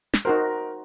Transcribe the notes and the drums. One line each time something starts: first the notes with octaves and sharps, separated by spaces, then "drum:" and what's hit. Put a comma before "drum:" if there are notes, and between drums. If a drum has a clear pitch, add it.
drum: snare
D#4 F#4 A#4 C5